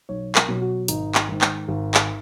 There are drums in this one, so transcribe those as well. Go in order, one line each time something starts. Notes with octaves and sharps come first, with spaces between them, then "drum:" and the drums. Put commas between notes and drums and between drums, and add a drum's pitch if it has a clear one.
B1 C#5
A#4, drum: clap
B2 F#3
F#4
G#1 D#4, drum: hi-hat
drum: clap
G#2 D#3
drum: clap
G#1
drum: clap